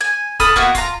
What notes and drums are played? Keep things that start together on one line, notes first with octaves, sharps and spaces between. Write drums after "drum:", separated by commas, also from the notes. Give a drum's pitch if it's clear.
G#5
A4 B5 D#6 F6, drum: kick, hi-hat
A#3 B3 E4 F#4, drum: kick
F4 A#5, drum: kick, hi-hat